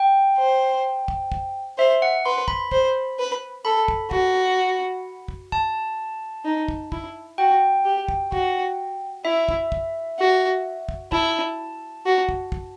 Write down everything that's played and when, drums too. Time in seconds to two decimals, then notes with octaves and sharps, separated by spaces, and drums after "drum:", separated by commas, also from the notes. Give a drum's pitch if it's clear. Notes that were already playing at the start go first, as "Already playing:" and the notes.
Already playing: G5
0.38 C5
1.08 drum: kick
1.32 drum: kick
1.78 C5 E5
2.02 F#5
2.26 B4 C6
2.48 B5, drum: kick
2.72 C5, drum: kick
3.19 B4
3.65 A4 B5
3.88 drum: kick
4.11 F#4, drum: kick
5.28 drum: kick
5.52 A5, drum: kick
6.45 D#4
6.68 drum: kick
6.92 E4, drum: kick
7.38 F#4 G5
7.85 G4
8.08 drum: kick
8.32 F#4, drum: kick
9.25 E4 E5
9.49 drum: kick
9.72 drum: kick
10.19 F#4
10.89 drum: kick
11.12 E4 A5, drum: kick
12.05 F#4
12.29 drum: kick
12.52 drum: kick